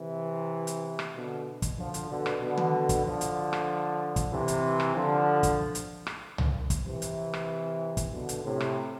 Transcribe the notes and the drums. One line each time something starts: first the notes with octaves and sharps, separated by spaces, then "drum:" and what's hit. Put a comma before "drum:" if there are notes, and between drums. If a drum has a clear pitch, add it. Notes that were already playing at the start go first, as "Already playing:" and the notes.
Already playing: C3 E3
drum: hi-hat
drum: rim click
B2 D3
drum: kick, hi-hat
D3 F3
drum: hi-hat
B2 D3
drum: rim click
B2 D3
drum: tom
drum: kick, hi-hat
D3 F3
drum: hi-hat
drum: rim click
drum: kick, hi-hat
C3 E3
drum: hi-hat
drum: rim click
D3 F3
drum: kick, hi-hat
drum: hi-hat
drum: rim click
drum: tom C2
drum: kick, hi-hat
C3 E3
drum: hi-hat
drum: rim click
drum: kick, hi-hat
B2 D3
drum: hi-hat
A2 C3
drum: rim click